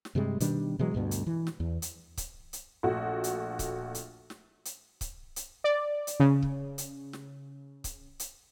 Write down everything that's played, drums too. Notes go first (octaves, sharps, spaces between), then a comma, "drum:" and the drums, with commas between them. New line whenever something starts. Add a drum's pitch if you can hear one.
drum: snare
G2 C3 G3 G#3
B2 D#3 G3 D4, drum: hi-hat
B2 E3 F#3 G#3
D2 G2 B2
drum: hi-hat
E3
drum: snare
E2
drum: hi-hat
drum: kick C#1, hi-hat
drum: hi-hat
A#1 A3 F#4 F#5
drum: hi-hat
drum: kick C#1, hi-hat
drum: hi-hat
drum: snare
drum: hi-hat
drum: kick C#1, hi-hat
drum: hi-hat
D5
drum: hi-hat
C#3
drum: kick C#1
drum: hi-hat
drum: snare
drum: kick C#1, hi-hat
drum: hi-hat